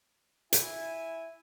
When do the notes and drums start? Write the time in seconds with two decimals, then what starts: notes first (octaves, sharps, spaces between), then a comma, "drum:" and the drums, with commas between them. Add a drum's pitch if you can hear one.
0.53 E4 G#5, drum: hi-hat